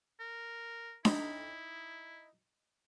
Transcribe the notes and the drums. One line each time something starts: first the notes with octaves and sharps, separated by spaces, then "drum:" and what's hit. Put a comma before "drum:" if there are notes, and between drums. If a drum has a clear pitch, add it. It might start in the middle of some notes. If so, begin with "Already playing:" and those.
A#4
D#4 E4, drum: snare D4